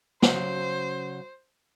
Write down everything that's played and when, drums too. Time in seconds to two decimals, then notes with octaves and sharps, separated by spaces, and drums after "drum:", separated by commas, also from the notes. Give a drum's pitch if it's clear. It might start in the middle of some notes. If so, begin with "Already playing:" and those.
0.22 C#3 F#3 C#4 C5, drum: snare